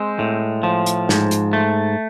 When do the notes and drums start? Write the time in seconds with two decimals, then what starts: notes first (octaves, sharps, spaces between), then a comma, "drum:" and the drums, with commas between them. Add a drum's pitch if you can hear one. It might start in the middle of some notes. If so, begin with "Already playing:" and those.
Already playing: G#3 C4
0.19 A2
0.63 F3
0.86 drum: hi-hat
1.09 G#2, drum: snare
1.31 drum: hi-hat
1.53 A3